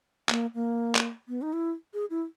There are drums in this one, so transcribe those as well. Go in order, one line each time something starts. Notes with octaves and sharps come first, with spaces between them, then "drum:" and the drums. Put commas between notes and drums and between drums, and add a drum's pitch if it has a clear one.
A#3, drum: clap
A#3
drum: clap
B3
D#4
E4
G#4
E4